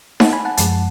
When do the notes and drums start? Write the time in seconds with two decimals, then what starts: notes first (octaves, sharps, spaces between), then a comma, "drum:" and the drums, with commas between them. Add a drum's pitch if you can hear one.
0.20 F#5 A5, drum: snare D#4
0.33 G#5 B5
0.45 F#5 A5
0.57 F#2 F3 G#3 F#5 A5, drum: hi-hat